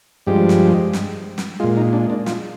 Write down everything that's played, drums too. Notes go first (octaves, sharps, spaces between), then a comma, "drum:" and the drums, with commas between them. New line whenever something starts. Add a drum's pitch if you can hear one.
G2 F3 G#3 G4
drum: snare
drum: snare
drum: snare
A#2 G#3 F4
D#4
D4
D4
F4, drum: snare